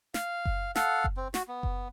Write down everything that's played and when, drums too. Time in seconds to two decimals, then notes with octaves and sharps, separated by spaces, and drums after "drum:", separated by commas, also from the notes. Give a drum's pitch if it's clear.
0.14 F5, drum: snare
0.45 drum: kick F#1
0.75 A4 F5 F#5, drum: snare
1.04 drum: kick F#1
1.17 C4
1.34 F#4, drum: snare
1.48 B3
1.63 drum: kick F#1